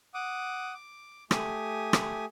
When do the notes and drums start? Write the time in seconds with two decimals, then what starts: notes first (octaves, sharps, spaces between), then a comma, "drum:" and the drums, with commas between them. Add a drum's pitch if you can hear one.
0.14 F#5 D6 D#6
0.74 D6
1.31 A3 G4 G#5 D#6, drum: rim click
1.93 drum: rim click